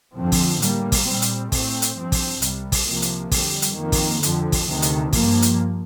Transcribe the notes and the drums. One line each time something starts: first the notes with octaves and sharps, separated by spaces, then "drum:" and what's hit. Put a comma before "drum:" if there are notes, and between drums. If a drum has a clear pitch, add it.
F2 D3 F3 C4
drum: kick, open hi-hat
A2 G3 A#3, drum: hi-hat
drum: kick, open hi-hat
A#2 G3 C4
drum: hi-hat
A2 A3 C4, drum: kick, open hi-hat
drum: hi-hat
G2 F3 C4
drum: kick, open hi-hat
C2 C3 G3, drum: hi-hat
drum: kick, open hi-hat
C2 C3 F3 A#3
drum: hi-hat
F2 D3 G3, drum: kick, open hi-hat
drum: hi-hat
F2 D#3 A#3
drum: kick, open hi-hat
F2 D3 F3, drum: hi-hat
drum: kick, open hi-hat
D2 C3 D#3
drum: hi-hat
G2 F3 A#3, drum: kick, open hi-hat
drum: hi-hat